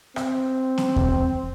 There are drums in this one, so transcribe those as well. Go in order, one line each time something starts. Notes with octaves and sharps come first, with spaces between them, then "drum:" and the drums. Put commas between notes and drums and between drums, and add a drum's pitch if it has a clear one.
C4, drum: rim click
drum: snare B3
drum: kick D#2